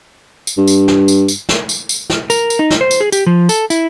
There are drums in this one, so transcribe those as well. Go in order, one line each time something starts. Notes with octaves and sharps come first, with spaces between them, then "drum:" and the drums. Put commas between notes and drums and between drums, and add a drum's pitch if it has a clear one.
drum: tambourine
G2
drum: tambourine
drum: snare
drum: tambourine
drum: tambourine
drum: snare
drum: tambourine
drum: tambourine
drum: snare
A#4, drum: tambourine
drum: tambourine
D#4
drum: snare
C5
drum: tambourine
G#4
G4, drum: tambourine
F3
A4, drum: tambourine
E4, drum: tambourine